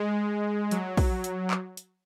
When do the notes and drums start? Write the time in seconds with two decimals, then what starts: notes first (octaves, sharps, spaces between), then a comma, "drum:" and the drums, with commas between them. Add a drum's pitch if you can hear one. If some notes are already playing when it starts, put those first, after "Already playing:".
Already playing: G#3
0.71 F#3, drum: hi-hat
0.97 drum: kick, open hi-hat
1.24 drum: hi-hat
1.51 drum: clap
1.77 drum: hi-hat